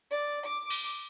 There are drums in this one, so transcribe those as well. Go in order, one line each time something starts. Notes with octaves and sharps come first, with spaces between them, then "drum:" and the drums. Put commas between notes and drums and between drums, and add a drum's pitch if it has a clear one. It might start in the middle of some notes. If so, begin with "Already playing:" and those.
D5
D6
drum: cymbal